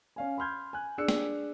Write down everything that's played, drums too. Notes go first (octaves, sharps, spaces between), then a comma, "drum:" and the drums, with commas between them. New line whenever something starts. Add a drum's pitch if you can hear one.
C#4 F5 G#5
B5 C6 F6 G6 G#6
G#5 F#6
D4 G#4 E6 F#6 C#7
drum: snare